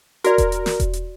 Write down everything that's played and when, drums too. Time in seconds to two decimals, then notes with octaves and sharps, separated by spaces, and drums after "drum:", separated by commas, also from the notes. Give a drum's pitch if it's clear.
0.24 F#4 A#4 D5, drum: hi-hat
0.38 drum: kick E1, hi-hat
0.52 drum: hi-hat
0.66 drum: snare
0.80 drum: kick E1, hi-hat
0.93 drum: hi-hat